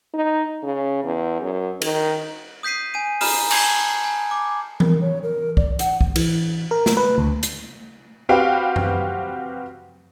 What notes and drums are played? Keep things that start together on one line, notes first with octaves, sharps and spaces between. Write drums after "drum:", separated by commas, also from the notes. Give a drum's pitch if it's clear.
D#4
C#3
E2
F#2
D#3, drum: cymbal
D#6 G6 B6 C7 D#7
G#5 D#7
A#5 B5 D#6 F6 E7, drum: open hi-hat
G#5 A5 G6 G#6, drum: cymbal
G#5
D6
A#4, drum: tom E3
C#5
A#4
D5, drum: kick
F#5, drum: hi-hat
drum: kick
E3, drum: cymbal
A#4
drum: snare
B4
D2
drum: hi-hat
C4 F#4 G4 B4 F5 G5
drum: tom F#2